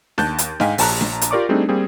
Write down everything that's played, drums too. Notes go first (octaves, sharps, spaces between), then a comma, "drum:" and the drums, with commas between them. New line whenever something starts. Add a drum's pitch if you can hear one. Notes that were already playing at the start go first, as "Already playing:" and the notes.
D#2 A5 F#6 G6 A6, drum: snare D4
drum: hi-hat
G#2 D#5 F5 G5 G#5 B6, drum: snare D4
A#1 A5 A#5 F#6, drum: open hi-hat
drum: snare D4
drum: hi-hat
F4 G4 A#4 D5 C#6 D6
G3 A3 C4 D4 D#4 G#4
G3 A#3 C4 G#4